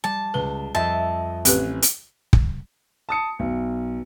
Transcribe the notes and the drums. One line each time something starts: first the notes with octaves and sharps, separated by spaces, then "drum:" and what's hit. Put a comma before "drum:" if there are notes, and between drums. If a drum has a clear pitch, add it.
G3 A5
C#2 B4 G7
F2 C5 D#5 E5 A5
A1 C4 G4 B4 G#5 F#6, drum: hi-hat
drum: hi-hat
drum: kick
A5 D#6 C#7
B1